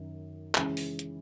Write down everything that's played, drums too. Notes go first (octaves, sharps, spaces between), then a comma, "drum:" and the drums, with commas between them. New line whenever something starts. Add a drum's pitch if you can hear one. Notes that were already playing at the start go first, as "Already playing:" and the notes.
Already playing: F#2 D#3
C#3 E3 G#3 C#4, drum: clap
drum: open hi-hat
drum: hi-hat